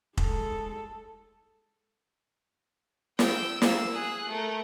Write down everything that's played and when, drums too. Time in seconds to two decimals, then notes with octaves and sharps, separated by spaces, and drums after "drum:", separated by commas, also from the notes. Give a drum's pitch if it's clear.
0.18 G#3 A4, drum: kick F1
3.19 G5 E6, drum: snare
3.62 A#3 E6, drum: snare
3.92 G#4 F#6
4.28 A3 A#4